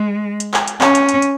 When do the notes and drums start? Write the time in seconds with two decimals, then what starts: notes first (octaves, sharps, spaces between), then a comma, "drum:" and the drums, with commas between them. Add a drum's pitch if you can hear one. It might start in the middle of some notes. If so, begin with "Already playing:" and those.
Already playing: G#3
0.40 drum: hi-hat
0.54 drum: clap
0.68 drum: hi-hat
0.81 C#4, drum: clap
0.95 drum: hi-hat
1.09 drum: hi-hat
1.22 drum: hi-hat